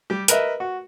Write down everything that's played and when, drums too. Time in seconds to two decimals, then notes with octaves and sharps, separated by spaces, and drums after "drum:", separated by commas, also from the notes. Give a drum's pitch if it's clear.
0.10 G3 G4
0.28 A#4 B4 D#5 E5, drum: hi-hat
0.60 F#4